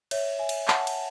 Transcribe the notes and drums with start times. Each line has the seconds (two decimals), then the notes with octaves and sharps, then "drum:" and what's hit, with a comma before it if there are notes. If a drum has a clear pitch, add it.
0.11 C#5 E5, drum: cymbal
0.39 E5 G#5
0.49 drum: cymbal
0.68 F#5 A5, drum: clap
0.87 drum: cymbal